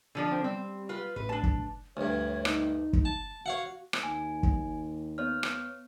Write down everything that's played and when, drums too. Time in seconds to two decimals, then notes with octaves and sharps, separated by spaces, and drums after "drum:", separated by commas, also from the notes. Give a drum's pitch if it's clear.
0.15 D3 F3 D4
0.31 C4
0.44 G3 C4
0.89 F4 B4
1.16 A1 B4
1.29 D4 A5
1.43 drum: kick
1.97 D2 G2 C#5
2.45 D#4, drum: rim click
2.93 drum: kick
3.05 A5
3.46 F#4 C#5 F5 F#5
3.93 drum: rim click
4.03 D#2 G#5
4.43 drum: kick
5.18 B3 C#5 F6
5.43 drum: rim click